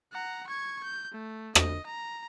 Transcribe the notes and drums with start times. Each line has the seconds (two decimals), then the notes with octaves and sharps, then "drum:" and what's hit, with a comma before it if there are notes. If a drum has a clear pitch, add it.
0.13 F#5 A#5
0.47 C#6 G#6
0.83 G6
1.12 A3
1.55 D#5, drum: rim click
1.86 A#5